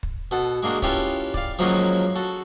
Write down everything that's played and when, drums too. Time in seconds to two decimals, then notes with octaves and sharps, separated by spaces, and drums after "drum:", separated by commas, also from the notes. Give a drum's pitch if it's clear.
0.03 drum: kick
0.31 B2 A4 F#5
0.63 G#3 A#3 D4 F#4
0.82 C#4 E4 F4 G4 A4 B4, drum: kick
1.34 D5 F5, drum: kick
1.59 F3 F#3 G#3 A#3 C#4 F#4
2.15 F#4 A4